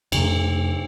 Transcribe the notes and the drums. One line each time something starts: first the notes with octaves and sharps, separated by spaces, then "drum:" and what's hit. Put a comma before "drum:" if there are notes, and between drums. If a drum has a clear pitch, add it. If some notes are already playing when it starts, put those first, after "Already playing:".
F2 C3 A3, drum: cymbal